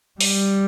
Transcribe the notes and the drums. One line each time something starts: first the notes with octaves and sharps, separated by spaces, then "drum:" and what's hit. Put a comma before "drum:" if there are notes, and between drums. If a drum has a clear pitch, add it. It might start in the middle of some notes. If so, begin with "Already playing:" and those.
G3, drum: open hi-hat